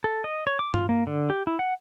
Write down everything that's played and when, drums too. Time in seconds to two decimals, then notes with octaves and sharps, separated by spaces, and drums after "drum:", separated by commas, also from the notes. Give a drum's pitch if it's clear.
0.04 A4
0.24 D#5
0.47 C#5
0.59 D6
0.74 F4, drum: tom G2
0.89 A#3
1.07 D3
1.30 G4
1.47 E4
1.59 F#5